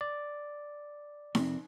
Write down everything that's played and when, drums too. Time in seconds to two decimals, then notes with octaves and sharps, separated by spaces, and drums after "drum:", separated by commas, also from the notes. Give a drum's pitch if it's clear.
0.01 D5
1.35 F2 C3 C4, drum: snare D#4